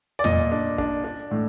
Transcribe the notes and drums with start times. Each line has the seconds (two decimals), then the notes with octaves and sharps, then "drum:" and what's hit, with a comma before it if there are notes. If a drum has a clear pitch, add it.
0.19 D5
0.24 A#2 D#5, drum: tom E2
0.52 D4
0.78 D4, drum: kick
1.04 D4
1.31 A2